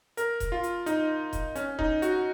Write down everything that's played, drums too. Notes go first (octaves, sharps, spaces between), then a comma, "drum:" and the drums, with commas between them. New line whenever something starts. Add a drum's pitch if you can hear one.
A#4, drum: hi-hat
drum: kick E1, hi-hat
F4
drum: hi-hat
D#4, drum: hi-hat
drum: kick E1, hi-hat
C#4, drum: hi-hat
D#4, drum: kick E1
F#4, drum: hi-hat